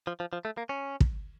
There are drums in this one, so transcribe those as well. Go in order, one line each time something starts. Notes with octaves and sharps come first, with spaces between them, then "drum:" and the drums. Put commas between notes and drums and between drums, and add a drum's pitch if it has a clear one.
F3
F3
F3
A3
A#3
C#4
drum: kick